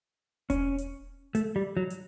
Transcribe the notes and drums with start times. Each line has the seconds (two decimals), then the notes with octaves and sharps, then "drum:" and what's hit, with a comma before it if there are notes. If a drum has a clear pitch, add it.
0.50 C#4, drum: kick E1, hi-hat
0.78 drum: hi-hat
1.35 A3, drum: hi-hat
1.56 G3
1.77 F#3
1.90 drum: hi-hat